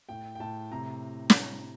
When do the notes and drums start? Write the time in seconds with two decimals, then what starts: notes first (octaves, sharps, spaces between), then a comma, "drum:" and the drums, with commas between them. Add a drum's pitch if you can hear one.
0.09 A2 G5
0.35 G5
0.40 A2 A5
0.71 C3 A#5
1.30 drum: snare